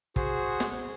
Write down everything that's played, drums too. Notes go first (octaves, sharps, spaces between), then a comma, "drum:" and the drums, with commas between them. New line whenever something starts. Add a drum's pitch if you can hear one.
F#4 G#4 C5, drum: kick, hi-hat
drum: snare